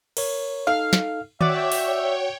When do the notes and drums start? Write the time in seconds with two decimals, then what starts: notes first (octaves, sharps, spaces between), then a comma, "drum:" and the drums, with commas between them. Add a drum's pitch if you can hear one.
0.17 A#4 C#5, drum: cymbal
0.67 D#4 A4 F5
0.93 drum: snare
1.41 F#4 C#5 D5 E5 F#5 G5, drum: tom D#3
1.72 drum: open hi-hat